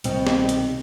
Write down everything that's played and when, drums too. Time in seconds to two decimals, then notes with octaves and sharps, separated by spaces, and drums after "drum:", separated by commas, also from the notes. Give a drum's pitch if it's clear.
0.04 C2 B2 D#3 C4, drum: hi-hat
0.27 drum: snare
0.49 drum: hi-hat